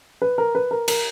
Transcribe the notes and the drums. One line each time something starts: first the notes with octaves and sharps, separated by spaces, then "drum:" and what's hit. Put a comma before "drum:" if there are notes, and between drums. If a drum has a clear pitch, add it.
B4
A#4
B4
A#4
A#4, drum: cymbal